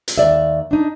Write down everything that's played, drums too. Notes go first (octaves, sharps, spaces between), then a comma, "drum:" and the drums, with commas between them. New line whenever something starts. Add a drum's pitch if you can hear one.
drum: hi-hat
D#2 D5 E5
D4 D#4